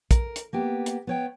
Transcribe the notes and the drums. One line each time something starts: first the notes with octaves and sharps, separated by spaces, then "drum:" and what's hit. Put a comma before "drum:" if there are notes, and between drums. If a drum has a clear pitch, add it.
A#4, drum: kick, hi-hat
drum: hi-hat
A#3 B3 G4
drum: hi-hat
B3 C#5 G5